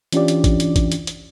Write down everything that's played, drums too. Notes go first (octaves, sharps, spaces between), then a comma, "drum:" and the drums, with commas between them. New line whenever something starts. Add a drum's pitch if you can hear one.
E3 C#4 D4 F4 G4 D5, drum: hi-hat
drum: hi-hat
drum: kick A1, hi-hat
drum: hi-hat
drum: kick A1, hi-hat
drum: hi-hat
drum: hi-hat